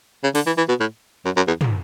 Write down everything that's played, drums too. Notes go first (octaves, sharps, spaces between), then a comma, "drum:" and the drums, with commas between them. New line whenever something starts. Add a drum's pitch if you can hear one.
C#3
D3, drum: open hi-hat
E3
E3
B2
A2
F#2
F#2
E2
drum: tom